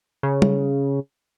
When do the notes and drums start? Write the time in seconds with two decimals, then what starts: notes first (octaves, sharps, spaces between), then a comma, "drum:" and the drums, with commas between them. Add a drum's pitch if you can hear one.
0.23 C#3
0.42 drum: tom G3